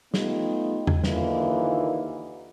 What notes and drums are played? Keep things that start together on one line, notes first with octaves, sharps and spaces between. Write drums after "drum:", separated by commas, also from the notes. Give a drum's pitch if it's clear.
A3 B3 D#4 F4 G4, drum: snare
drum: tom E2
D#2 D3 E3 A#3 D#4 F4, drum: snare